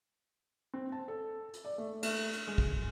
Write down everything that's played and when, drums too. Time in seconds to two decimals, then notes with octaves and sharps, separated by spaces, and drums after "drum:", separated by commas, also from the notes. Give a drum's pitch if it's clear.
0.74 C4
0.92 A5
1.08 A4
1.53 drum: hi-hat
1.65 D5
1.78 A3
2.03 A3, drum: cymbal
2.33 drum: hi-hat
2.47 G#3
2.58 drum: kick